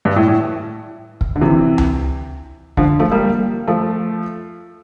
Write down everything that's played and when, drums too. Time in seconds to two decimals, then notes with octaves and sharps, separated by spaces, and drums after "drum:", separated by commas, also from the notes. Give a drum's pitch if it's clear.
0.05 G2
0.16 A2
0.28 A2
1.21 drum: kick
1.36 D3
1.41 C3 E3
1.78 drum: tom C#2
2.77 D3 F3, drum: kick
2.99 F3 A3
3.11 G3 A#3
3.68 F3 A3